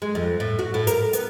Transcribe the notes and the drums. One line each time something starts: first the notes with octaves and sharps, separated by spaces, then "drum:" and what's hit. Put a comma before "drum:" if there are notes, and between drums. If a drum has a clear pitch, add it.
G#3
F2
A2
F#4
A2
A#4, drum: hi-hat
B3, drum: hi-hat